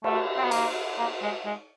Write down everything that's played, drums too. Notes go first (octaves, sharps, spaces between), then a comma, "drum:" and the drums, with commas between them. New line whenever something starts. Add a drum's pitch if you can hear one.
A3, drum: cymbal
C4
B3
A#3, drum: cymbal
A#3
G#3
G#3